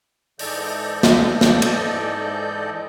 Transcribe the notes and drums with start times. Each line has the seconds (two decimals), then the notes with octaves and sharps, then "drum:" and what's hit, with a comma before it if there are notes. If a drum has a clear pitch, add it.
0.39 G#2 E3 A4 D5 D#5 G6, drum: open hi-hat
1.03 drum: snare
1.41 drum: snare
1.62 drum: cymbal